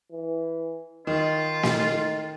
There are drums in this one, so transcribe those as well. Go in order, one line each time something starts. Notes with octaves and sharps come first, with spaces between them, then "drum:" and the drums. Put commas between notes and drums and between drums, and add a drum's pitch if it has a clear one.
E3
D#3 D#4 F4
drum: snare